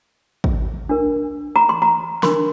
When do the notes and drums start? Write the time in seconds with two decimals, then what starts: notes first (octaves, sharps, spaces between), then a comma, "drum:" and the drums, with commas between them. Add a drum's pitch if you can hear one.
0.44 drum: kick
0.89 D4 A#4
1.56 A#5
1.69 C6
1.82 A#5
2.23 D4 A#4 C6, drum: snare